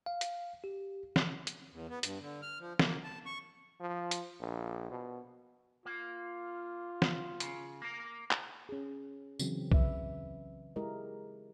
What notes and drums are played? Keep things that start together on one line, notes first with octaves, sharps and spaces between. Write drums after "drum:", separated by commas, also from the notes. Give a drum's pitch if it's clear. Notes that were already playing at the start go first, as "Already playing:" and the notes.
F5
drum: hi-hat
G4
drum: snare
drum: hi-hat
E2
B3
G2, drum: hi-hat
D3
F6
F3
A#3, drum: snare
A5
C#6
F3
drum: hi-hat
A#1
B2
A#3 F4
drum: snare
C#3, drum: hi-hat
A#3 A#4
drum: clap
C#4 G#4
C#3 E3 F#3 C4 C#4, drum: tambourine
B4 E5, drum: kick B1
G#3 E4 G4 A#4 D#5